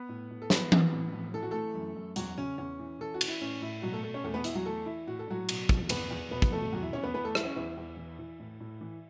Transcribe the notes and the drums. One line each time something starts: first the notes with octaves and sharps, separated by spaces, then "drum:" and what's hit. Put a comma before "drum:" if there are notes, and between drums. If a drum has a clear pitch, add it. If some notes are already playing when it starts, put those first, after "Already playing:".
Already playing: B3 B4
A2
A2
A4
E3 B3 B4, drum: snare
E3, drum: tom E3
A2
A2
E3 A4
F#4
E3 A3 A4
F#2
F#2
E2 F#3 F#4, drum: hi-hat
C#3 C#4
E2 C#4
E3
E3 A4
F#4
E3, drum: cymbal
E4
A2 C#4
A2 E4
B2 F#3 F#4
A3 A4
B2 A3 A4
C#4 C#5
E2 A3 A4
B3 B4
E2 E4, drum: hi-hat
F#3 F#4
E3 A3 A4
E3 E4
A2 F#4
A4
A2 F#3 F#4
B2, drum: cymbal
B2, drum: kick
E2 B3 B4, drum: cymbal
E2
B2 B3 B4
drum: kick
B2 A3 A4
E2 F#3 F#4
E4
E2 C#4 C#5
B3 B4
E3 B3 B4
A3 A4
E3 E4, drum: rim click
C#4
E2 E4
E2
E3
E3
A2
A2
E3